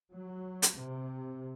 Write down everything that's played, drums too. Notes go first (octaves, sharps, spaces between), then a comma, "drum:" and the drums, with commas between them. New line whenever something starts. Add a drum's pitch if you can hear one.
F#3
drum: hi-hat
C3